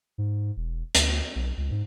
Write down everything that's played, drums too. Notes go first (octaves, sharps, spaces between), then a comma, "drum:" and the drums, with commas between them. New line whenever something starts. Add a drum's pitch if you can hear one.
G#2
E1
D2, drum: hi-hat
B1
C#2
G#2